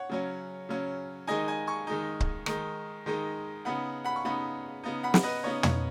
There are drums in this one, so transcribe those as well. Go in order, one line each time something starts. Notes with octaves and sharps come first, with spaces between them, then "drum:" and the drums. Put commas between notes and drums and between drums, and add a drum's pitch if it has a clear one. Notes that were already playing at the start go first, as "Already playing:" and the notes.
Already playing: C#5 F#5
C#3 F#3 C#4
C#3 F#3 C#4
D#3 G#3 D#4 D#5 G#5
D#5 G#5
G#5 C#6
D#3 G#3 D#4
drum: kick C#1
D#3 G#3 D#4, drum: rim click
D#3 G#3 D#4
C#3 B3 D#4 F#5 B5
F#5 B5
C#6
C#3 B3 D#4 F#5 B5
C#3 B3 D#4
F#5 B5
drum: snare
B4 D#5
C#3 B3 D#4 C#5
C#5, drum: tom